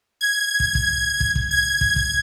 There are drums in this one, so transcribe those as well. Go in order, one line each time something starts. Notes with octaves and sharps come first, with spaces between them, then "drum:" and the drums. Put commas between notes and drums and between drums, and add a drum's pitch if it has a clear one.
G#6
drum: kick
drum: kick
drum: kick
drum: kick
G#6
drum: kick
drum: kick